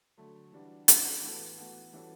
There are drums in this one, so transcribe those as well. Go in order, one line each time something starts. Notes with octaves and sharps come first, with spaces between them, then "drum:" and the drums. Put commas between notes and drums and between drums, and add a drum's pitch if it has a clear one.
D3 F#3 A3
E3 G3 D4 F#4
E3 G3 D4 F#4, drum: hi-hat
A2 E3 B3 F#4 A4
A2 E3 B3 F#4 A4
E3 G3 C#4 F#4 A4